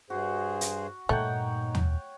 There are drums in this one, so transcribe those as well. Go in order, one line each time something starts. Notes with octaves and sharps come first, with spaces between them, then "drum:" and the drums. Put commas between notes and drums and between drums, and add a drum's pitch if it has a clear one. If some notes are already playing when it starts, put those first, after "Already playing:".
G2 F#4 G#4 C5
drum: hi-hat
G2 A#2 A3 D#4 C#5 F#5 G5
drum: tom